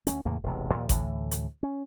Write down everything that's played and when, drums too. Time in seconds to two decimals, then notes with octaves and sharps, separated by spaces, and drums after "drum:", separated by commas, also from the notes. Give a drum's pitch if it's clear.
0.07 D2 G#3 C#4, drum: hi-hat
0.25 E2 A2 C#3 A#3
0.43 E1 A1 C3
0.74 D#2 A#2 F3
0.89 D2 A2 E3, drum: kick G#1, hi-hat
1.31 drum: hi-hat
1.63 C#4